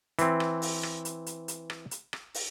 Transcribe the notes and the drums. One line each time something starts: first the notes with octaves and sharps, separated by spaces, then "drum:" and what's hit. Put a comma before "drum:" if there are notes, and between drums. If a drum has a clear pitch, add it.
E3 C4, drum: hi-hat
drum: rim click
drum: open hi-hat
drum: rim click
drum: hi-hat
drum: hi-hat
drum: hi-hat
drum: rim click
drum: hi-hat
drum: rim click
drum: open hi-hat